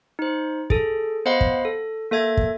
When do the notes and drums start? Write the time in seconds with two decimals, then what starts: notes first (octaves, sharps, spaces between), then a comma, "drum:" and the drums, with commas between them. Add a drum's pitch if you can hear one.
0.19 D#4 C5
0.70 G#4 A4, drum: kick
1.25 B3 C5 D#5 F5 F#5 B5
1.41 drum: kick
1.65 A4
2.11 A#3 A4 E5 G#6
2.37 drum: kick